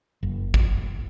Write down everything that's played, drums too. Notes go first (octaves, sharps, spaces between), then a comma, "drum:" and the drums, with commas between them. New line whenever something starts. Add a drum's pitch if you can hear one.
F#1
drum: kick